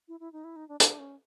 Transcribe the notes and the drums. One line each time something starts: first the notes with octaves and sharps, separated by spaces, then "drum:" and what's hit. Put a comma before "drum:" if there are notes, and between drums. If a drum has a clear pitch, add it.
E4
E4
D#4
E4
D#4
D4
D4, drum: hi-hat
C#4